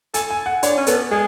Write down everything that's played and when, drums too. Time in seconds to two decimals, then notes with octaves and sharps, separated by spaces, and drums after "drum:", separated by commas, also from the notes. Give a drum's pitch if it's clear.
0.14 A4 G#5, drum: hi-hat
0.30 G#5
0.46 F#5
0.63 D4 C#5, drum: hi-hat
0.78 C#4
0.87 B3 A4, drum: hi-hat
1.11 G#3 G#4